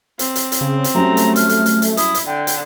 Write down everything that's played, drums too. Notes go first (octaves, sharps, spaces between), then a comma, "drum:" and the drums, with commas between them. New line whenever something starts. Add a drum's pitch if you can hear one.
C4, drum: hi-hat
drum: hi-hat
drum: hi-hat
C#3
drum: hi-hat
F#3 G3 A3 C#4 A#5
drum: hi-hat
F6, drum: hi-hat
drum: hi-hat
drum: hi-hat
drum: hi-hat
E4 D#6, drum: hi-hat
drum: hi-hat
D3 G5
drum: hi-hat